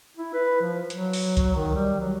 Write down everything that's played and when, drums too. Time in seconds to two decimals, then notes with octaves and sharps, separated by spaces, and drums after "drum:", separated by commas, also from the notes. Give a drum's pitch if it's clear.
0.17 E4
0.34 B4
0.62 F3
0.90 F#3, drum: hi-hat
1.13 drum: open hi-hat
1.37 drum: kick C#2, hi-hat
1.55 D#3
1.75 G3
2.00 F#3